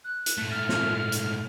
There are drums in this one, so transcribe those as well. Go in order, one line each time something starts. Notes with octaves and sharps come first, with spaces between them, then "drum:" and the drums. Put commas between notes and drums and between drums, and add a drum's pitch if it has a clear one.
F#6
drum: hi-hat
G#2 A3
F6
drum: snare
drum: hi-hat